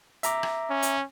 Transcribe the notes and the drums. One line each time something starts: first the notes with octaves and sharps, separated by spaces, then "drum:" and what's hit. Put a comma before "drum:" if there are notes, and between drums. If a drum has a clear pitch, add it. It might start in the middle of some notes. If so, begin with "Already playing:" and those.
E5 A#5 D6, drum: hi-hat
drum: rim click
C#4
drum: hi-hat